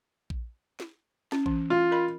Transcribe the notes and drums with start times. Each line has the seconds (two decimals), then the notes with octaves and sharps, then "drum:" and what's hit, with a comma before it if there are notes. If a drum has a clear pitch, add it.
0.30 drum: kick A#1
0.80 drum: snare
1.32 C#4, drum: snare
1.46 E3 C#4, drum: kick A#1
1.70 F4
1.91 A#4 D#5 B5